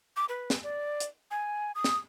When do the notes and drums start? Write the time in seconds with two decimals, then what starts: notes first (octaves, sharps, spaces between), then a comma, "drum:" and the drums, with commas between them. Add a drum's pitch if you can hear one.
0.16 D6
0.29 B4
0.50 drum: snare
0.63 D5
1.00 drum: hi-hat
1.31 G#5
1.75 D#6
1.84 drum: snare